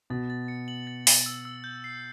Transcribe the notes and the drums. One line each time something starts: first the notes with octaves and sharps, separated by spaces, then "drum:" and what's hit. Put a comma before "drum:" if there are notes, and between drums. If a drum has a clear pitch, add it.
B2 A6
A6
C#7
F#7
A6
A6, drum: open hi-hat
E6
E6
G6
C7